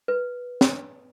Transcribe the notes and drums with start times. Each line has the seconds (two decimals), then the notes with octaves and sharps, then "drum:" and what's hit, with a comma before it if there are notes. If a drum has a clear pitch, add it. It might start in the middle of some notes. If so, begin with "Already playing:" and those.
0.08 B4
0.61 drum: snare